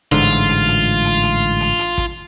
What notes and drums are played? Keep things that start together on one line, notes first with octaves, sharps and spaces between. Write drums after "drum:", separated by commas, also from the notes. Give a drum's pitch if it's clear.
A1 G#2 D3 F4, drum: hi-hat
drum: hi-hat
drum: hi-hat
drum: hi-hat
drum: hi-hat
drum: hi-hat
drum: hi-hat
drum: hi-hat
drum: kick, hi-hat